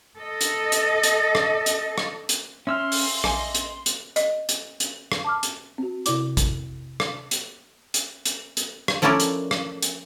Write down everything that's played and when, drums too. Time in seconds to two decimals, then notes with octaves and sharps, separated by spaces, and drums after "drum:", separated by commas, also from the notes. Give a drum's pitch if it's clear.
0.19 A4 D#5
0.41 drum: hi-hat
0.72 drum: hi-hat
1.03 drum: hi-hat
1.35 drum: rim click
1.66 drum: hi-hat
1.98 drum: rim click
2.29 drum: hi-hat
2.67 C#4 E5 C6 E6 F6
2.92 drum: open hi-hat
3.24 A#1 D#5 G#5, drum: rim click
3.55 drum: hi-hat
3.86 drum: hi-hat
4.16 D#5, drum: hi-hat
4.49 drum: hi-hat
4.80 drum: hi-hat
5.12 drum: rim click
5.24 A5 D6 F6
5.43 drum: hi-hat
5.78 C4 F#4
6.06 C3 E4 D5 D6, drum: hi-hat
6.37 drum: kick A1, hi-hat
7.00 drum: rim click
7.31 drum: hi-hat
7.94 drum: hi-hat
8.25 drum: hi-hat
8.57 drum: hi-hat
8.88 drum: rim click
9.02 F3 A3 C#4 E4 A#4 D5
9.20 drum: hi-hat
9.51 drum: rim click
9.82 drum: hi-hat